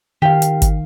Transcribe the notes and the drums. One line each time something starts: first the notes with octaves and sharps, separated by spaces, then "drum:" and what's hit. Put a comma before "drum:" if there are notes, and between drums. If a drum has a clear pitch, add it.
D#3 G4 F5
drum: hi-hat
drum: kick G#1, hi-hat